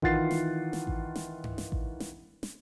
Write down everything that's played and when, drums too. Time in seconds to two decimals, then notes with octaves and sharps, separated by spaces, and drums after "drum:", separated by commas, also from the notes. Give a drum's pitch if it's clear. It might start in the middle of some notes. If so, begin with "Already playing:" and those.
0.02 D#3 E3 F4 F#5 A6 C7, drum: kick A1
0.31 drum: snare
0.73 drum: snare
0.87 drum: kick A1
1.16 drum: snare
1.44 drum: tom G2
1.58 drum: snare
1.72 drum: kick A1
2.00 drum: snare
2.43 drum: snare